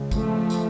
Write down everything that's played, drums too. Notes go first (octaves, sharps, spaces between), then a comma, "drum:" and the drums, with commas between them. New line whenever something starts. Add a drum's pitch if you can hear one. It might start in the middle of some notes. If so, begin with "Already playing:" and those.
Already playing: C#2 C#3
F3 A3, drum: kick, tambourine
drum: tambourine